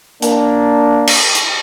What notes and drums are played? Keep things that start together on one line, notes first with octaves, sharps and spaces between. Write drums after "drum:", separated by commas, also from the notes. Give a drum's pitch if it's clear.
A#3 D4, drum: hi-hat
drum: cymbal
drum: hi-hat